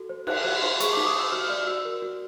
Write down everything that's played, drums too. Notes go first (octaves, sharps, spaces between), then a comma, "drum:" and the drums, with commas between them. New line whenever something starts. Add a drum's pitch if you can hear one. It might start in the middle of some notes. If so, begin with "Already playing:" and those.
Already playing: F#4 A4
C5
D#4 F#6, drum: cymbal
C5 F#6
D#4 C6
G#4 C#6, drum: hi-hat
D#4 D6
D#6
C5 E6
F#4 F6
D5 F6
F#4 E6
A#4
F#4